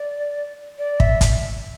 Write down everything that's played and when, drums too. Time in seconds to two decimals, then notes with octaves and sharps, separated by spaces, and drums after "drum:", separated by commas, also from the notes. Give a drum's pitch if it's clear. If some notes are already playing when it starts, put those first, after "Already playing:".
Already playing: D5
0.78 D5
1.00 E5, drum: kick
1.21 drum: kick, hi-hat